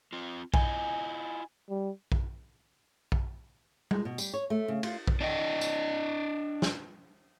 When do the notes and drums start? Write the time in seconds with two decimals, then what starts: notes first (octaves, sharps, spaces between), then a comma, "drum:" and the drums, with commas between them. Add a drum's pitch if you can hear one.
0.13 C4 F4
0.54 E4 F4 D#5 G#5, drum: kick A#1
1.69 G3
2.12 drum: kick A#1
3.12 drum: kick A#1
3.91 G#3, drum: tom
4.05 B2
4.18 G3, drum: tambourine
4.34 C#5
4.50 A3
4.68 C#3
4.83 F4, drum: cymbal
5.07 drum: kick A#1
5.21 D4 D#5 G5
5.61 drum: tambourine
6.62 drum: snare